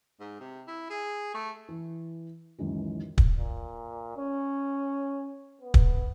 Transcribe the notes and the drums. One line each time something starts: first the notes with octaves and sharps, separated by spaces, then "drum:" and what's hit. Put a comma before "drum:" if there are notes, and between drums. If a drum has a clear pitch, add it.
G#2
C3
E4
G#4
A3
E3
C#2 F#2 D#3 E3
drum: kick
A#2
C#4
B3
drum: kick